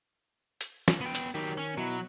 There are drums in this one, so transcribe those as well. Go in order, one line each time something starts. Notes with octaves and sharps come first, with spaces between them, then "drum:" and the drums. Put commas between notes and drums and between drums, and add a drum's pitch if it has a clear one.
drum: hi-hat
drum: snare
B3 G5
drum: hi-hat
D#3 F#3 G4
C#4
B2 F#3 E4 B5